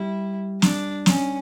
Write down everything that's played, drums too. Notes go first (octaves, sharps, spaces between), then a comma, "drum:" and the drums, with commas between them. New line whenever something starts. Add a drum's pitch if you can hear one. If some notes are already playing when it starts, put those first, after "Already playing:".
Already playing: G3 E4
D4, drum: snare
C#4, drum: snare